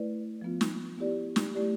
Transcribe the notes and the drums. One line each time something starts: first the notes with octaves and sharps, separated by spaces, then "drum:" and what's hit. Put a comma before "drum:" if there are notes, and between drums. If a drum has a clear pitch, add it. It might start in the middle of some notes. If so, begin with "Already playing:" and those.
Already playing: A3 E4 B4 D5
F3 B3 F4
drum: snare
B3 E4 G4 D5
drum: snare
A3 E4 G4 D5